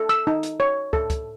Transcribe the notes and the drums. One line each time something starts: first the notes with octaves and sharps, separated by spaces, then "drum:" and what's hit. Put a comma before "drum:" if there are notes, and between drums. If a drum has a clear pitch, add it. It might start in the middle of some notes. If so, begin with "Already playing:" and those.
Already playing: A4
E6
D#4
drum: hi-hat
C#5
A4, drum: kick
drum: kick, hi-hat